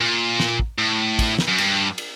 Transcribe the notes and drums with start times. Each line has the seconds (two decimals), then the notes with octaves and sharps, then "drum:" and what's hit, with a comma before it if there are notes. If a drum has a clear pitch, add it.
0.01 A#2
0.40 drum: snare
0.59 drum: kick
0.79 A2
1.19 drum: kick, cymbal
1.39 drum: snare
1.48 F#2
1.58 G2, drum: cymbal
1.98 drum: cymbal